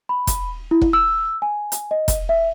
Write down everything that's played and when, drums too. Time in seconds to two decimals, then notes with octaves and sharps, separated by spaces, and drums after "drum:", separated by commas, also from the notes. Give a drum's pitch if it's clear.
0.09 B5
0.27 drum: kick F1, hi-hat
0.71 E4
0.81 drum: kick F1
0.93 E6
1.42 G#5
1.72 drum: hi-hat
1.91 D#5
2.08 drum: kick F1, hi-hat
2.29 E5